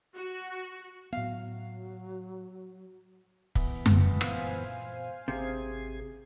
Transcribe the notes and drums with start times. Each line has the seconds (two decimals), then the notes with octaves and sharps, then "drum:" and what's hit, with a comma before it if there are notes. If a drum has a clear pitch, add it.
0.15 F#4
1.13 A2 F#3 B3 F5
3.55 D1 E3 B3, drum: kick
3.86 drum: tom F#2
4.21 A#2 C5 F5 G#5, drum: rim click
5.28 G#1 C3 G#4